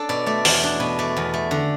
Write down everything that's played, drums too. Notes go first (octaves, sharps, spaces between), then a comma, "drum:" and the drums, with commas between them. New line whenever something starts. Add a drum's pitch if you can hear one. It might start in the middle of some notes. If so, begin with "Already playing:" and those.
Already playing: D4 A4
B2 D5
A3 D5
E2, drum: open hi-hat
D4
B2
A3 D5
E2
A3
D3